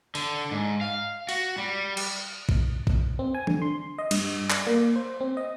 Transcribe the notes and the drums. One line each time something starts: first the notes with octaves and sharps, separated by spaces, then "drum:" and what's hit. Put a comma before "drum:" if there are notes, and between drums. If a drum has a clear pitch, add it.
D3, drum: open hi-hat
G#2
F5
F#4, drum: open hi-hat
G3
drum: cymbal
drum: kick A1
drum: kick A1
C4
G#5
D3, drum: tom E3
C6
D#5
G2, drum: cymbal
D5, drum: clap
A#3
C5
C4
D#5